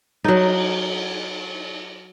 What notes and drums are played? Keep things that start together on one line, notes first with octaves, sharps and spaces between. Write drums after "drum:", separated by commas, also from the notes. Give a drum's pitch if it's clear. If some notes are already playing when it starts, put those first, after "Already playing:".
F#3 D#4, drum: cymbal